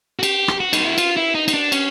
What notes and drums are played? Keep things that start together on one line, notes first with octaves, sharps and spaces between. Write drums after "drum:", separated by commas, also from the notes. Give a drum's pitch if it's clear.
F#4
G4, drum: cymbal
drum: rim click
F#4
D#4, drum: cymbal
E4
F4, drum: cymbal
E4
D#4
D#4, drum: cymbal
D4
C#4, drum: cymbal